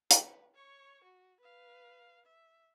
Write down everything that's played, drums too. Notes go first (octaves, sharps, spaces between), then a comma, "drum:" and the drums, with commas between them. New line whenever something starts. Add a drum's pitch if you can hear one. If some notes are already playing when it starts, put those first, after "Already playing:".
B4, drum: hi-hat
C#5 C#6
F#4
B4 F5
E5